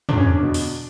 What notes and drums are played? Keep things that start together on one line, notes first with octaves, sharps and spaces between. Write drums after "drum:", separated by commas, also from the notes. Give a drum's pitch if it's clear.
E2 D4, drum: tom
C#4
D4
B2
drum: open hi-hat